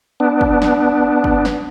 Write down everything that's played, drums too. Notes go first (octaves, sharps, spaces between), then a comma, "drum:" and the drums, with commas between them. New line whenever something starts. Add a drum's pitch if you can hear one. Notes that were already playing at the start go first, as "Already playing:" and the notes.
B3 D4
drum: kick
drum: snare
drum: kick
drum: snare